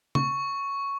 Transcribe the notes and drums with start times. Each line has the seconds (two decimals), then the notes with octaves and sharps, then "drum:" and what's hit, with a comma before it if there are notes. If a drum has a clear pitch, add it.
0.15 C#6, drum: tom C#3